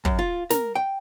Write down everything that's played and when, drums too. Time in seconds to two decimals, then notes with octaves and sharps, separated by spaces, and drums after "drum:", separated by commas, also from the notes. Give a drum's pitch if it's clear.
0.05 F#2, drum: kick
0.19 F4
0.50 A#4, drum: snare
0.75 G5